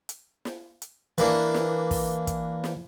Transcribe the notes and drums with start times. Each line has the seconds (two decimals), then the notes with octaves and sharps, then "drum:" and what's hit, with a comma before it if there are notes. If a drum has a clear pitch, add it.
0.09 drum: hi-hat
0.45 drum: snare
0.82 drum: hi-hat
1.18 E3 A#3 D4, drum: hi-hat
1.54 drum: snare
1.91 drum: kick, open hi-hat
2.27 drum: kick, hi-hat
2.64 drum: snare